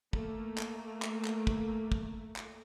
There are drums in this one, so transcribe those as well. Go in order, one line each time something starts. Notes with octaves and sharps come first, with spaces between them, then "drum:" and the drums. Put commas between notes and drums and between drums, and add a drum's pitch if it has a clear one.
A3 A#3, drum: kick
drum: clap
drum: clap
drum: clap
drum: kick
drum: kick
drum: clap